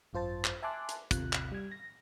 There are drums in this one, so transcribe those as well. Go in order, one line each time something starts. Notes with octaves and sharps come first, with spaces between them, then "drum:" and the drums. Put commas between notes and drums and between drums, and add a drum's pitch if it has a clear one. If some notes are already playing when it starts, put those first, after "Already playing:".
G#1 F#2 F4 C5 A5 A6
drum: clap
E5 G#5 A5 C6 D6 F#6
drum: hi-hat
A1 D#2 C3 F4 F#6, drum: kick, hi-hat
drum: clap
G3 G#6
A#6